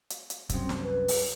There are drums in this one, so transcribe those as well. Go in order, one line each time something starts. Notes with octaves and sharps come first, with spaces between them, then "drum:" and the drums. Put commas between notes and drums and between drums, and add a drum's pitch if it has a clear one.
drum: hi-hat
drum: hi-hat
C2 F#2 C4, drum: kick, hi-hat
drum: snare
B4
drum: open hi-hat